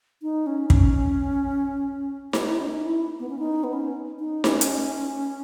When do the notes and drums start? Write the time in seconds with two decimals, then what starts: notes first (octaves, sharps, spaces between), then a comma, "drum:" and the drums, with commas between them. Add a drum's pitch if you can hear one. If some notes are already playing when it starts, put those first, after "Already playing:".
0.23 D#4
0.47 C#4
0.70 C#4, drum: kick
2.33 D#4, drum: snare D#4
2.50 E4
2.60 C#4
2.69 D#4
2.86 E4
3.19 B3
3.30 C#4
3.39 D#4
3.64 B3
3.73 C#4
4.20 D#4
4.44 C#4, drum: snare D#4
4.61 drum: hi-hat